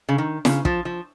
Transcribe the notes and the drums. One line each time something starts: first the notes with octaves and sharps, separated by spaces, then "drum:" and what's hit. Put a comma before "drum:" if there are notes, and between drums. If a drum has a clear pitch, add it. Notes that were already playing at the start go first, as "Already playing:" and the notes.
C#3
D#3
C#3, drum: snare
F3, drum: kick
F3